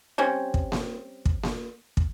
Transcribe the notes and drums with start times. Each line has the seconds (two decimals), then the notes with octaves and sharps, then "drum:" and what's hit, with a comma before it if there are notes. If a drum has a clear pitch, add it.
0.18 G3 C4 C#4
0.54 drum: kick
0.72 drum: snare A#3
1.25 drum: kick
1.43 drum: snare A#3
1.97 drum: kick